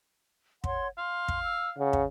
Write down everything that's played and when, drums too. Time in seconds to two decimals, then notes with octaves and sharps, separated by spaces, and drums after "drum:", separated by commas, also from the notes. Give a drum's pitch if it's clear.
0.64 C#5 F#5 C6, drum: kick
0.98 F5 C6
1.28 drum: kick
1.44 E6
1.79 C#3 F#5
1.93 drum: kick